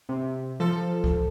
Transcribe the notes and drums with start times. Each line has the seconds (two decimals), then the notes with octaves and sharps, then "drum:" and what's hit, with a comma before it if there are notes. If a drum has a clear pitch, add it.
0.09 C3
0.60 F3 A4
1.04 drum: kick C#2